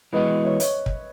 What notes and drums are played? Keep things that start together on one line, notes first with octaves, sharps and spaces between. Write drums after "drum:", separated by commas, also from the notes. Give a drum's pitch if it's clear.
E3 G#3 B3 F#4 B4 D#5
C#5 E5
C#5 E5, drum: hi-hat
drum: kick